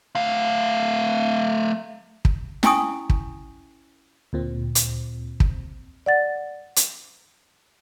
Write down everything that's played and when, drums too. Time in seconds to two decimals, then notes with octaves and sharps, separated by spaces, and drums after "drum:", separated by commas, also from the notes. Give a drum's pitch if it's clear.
0.15 A3 F5
2.25 drum: kick
2.63 C#4 E4 G5 G#5 C#6 D#6, drum: snare
3.10 drum: kick
4.33 D2 A#2 C4
4.75 drum: hi-hat
5.40 drum: kick
6.06 D5 F#5 A6
6.76 drum: hi-hat